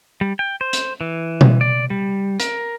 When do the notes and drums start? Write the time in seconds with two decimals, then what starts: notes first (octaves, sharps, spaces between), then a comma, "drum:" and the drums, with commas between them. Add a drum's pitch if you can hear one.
0.21 G3
0.39 G5
0.61 C5
0.73 drum: hi-hat
1.01 E3
1.41 drum: tom B2
1.61 D5
1.90 G3
2.40 A#4, drum: hi-hat